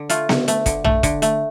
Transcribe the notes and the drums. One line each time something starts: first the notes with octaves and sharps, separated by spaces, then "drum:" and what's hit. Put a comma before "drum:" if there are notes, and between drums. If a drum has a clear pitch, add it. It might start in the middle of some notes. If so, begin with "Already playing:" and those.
Already playing: D3
A3 F4, drum: hi-hat
D3, drum: snare B3
A3, drum: hi-hat
D3, drum: kick, hi-hat
A3, drum: tom A#1
D3, drum: kick, hi-hat
A3, drum: hi-hat